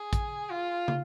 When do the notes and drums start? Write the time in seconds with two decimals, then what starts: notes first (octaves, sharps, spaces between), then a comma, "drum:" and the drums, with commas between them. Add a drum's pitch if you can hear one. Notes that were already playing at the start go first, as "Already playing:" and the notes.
Already playing: G#4
0.13 drum: kick A1, hi-hat
0.50 F4
0.88 drum: tom